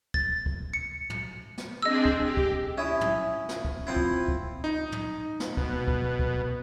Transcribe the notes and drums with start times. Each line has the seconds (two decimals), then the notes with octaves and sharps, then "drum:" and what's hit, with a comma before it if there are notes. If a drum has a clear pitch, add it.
0.14 A6, drum: kick
0.46 drum: kick
0.73 C#7
1.10 drum: tom
1.58 drum: snare
1.82 C4 D4 G#4 D#5 E6
2.05 drum: kick
2.22 G4
2.37 drum: kick
2.78 C#4 E4 E5 D#6
3.01 drum: tom
3.49 drum: snare
3.65 drum: kick
3.87 F3 C4 E4
3.97 drum: kick
4.28 drum: kick
4.64 D#4
4.92 drum: tom
5.40 drum: snare
5.57 B2, drum: kick
5.88 drum: kick
6.20 drum: kick